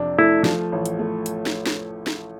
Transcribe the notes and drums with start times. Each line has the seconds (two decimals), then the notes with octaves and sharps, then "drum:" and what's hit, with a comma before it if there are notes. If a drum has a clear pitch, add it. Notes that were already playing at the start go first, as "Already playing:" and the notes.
Already playing: F2 C3 D4
0.18 A3 E4
0.45 F3, drum: snare
0.72 A1
0.86 drum: hi-hat
0.99 A3
1.26 drum: hi-hat
1.46 drum: snare
1.66 drum: snare
2.07 drum: snare